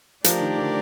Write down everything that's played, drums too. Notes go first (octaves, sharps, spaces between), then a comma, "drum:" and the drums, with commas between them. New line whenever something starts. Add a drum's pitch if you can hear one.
F3 A3 D4 G4 A#4 D5, drum: hi-hat
D#3
D3